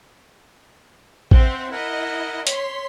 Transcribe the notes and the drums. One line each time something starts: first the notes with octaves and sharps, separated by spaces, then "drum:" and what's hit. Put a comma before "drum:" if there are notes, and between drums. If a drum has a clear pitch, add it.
C4 C5 E5 F#5 C6, drum: kick A1
E4 A#4 D#5 F#5
C#5 C6 B6, drum: hi-hat